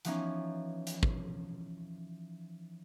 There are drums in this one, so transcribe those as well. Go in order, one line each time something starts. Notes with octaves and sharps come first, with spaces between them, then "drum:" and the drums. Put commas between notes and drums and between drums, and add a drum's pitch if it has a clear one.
E3 F3 B3 C#4 D#4, drum: hi-hat
drum: hi-hat
drum: kick